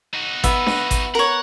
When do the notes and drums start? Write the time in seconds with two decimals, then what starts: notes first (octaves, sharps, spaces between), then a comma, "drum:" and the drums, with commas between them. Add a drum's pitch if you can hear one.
0.14 D#4 F#4
0.44 B3 E5, drum: kick G#1, hi-hat
0.67 drum: snare D4
0.91 drum: kick G#1, hi-hat
1.15 A#4 C#5 F#5